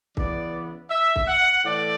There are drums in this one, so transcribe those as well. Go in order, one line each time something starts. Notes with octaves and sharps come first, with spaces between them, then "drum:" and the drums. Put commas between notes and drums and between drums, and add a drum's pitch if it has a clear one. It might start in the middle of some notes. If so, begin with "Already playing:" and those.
C#3 E3 B3 D5, drum: kick C2
E5
drum: kick C2
F#5
A2 E3 A3 D5